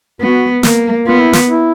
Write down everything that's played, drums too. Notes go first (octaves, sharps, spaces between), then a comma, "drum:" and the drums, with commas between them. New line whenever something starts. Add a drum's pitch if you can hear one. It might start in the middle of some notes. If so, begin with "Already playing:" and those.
B3 F#4
A#3, drum: snare
B3 F4
E4
F4, drum: snare
E4